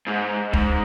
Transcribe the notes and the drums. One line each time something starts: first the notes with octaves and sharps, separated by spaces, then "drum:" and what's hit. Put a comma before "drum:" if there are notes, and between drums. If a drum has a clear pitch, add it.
G#2
G#2, drum: kick